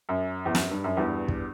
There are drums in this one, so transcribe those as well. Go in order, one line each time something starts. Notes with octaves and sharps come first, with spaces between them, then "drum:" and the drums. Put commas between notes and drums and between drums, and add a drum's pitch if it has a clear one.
F#2
E2
F#2, drum: snare
G2
F#2
E2 G2
drum: kick